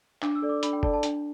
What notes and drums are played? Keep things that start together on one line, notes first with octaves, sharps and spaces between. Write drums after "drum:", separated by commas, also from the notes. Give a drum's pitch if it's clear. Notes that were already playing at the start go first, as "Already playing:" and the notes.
D4 D6, drum: clap
E6
A4 D5
D6
D4 B5, drum: hi-hat
G5
A4 D5 A5, drum: kick
A5
D4, drum: hi-hat